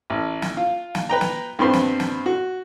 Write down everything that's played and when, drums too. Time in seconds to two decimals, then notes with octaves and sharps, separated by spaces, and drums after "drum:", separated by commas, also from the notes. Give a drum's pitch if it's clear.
0.10 A1
0.42 drum: snare
0.57 F4
0.95 drum: snare
1.09 B4 G5 A#5
1.21 drum: snare
1.59 G2 B3 C4 C6
1.73 drum: snare
2.00 drum: snare
2.26 F#4